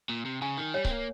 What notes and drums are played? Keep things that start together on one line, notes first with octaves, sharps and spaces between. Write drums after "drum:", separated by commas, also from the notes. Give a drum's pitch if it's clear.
A#2
C3
C#3 G#5
D#3
G3 C#5
C4, drum: kick C#1
A#3